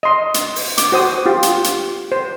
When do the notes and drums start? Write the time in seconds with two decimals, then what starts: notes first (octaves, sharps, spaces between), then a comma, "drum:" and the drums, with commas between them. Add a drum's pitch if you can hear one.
0.03 D#5 C6
0.34 drum: hi-hat
0.56 drum: open hi-hat
0.78 D6, drum: hi-hat
0.92 F#4 C5 D#6
1.26 F4 G4
1.43 drum: hi-hat
1.64 drum: hi-hat
2.12 C5